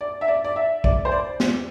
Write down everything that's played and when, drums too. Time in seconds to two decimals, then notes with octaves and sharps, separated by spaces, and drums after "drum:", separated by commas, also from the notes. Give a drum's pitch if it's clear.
0.01 D5
0.21 E5
0.28 D5
0.44 D5
0.56 E5
0.84 D5, drum: kick
1.05 C5
1.12 D5
1.40 drum: snare